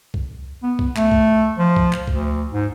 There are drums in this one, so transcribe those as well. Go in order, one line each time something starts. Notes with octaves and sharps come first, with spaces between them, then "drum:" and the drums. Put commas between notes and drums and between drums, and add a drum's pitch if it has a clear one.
drum: kick C2
B3
drum: kick C2
A3, drum: clap
drum: kick C2
F3
drum: kick C2
drum: clap
D2, drum: kick C2
G#2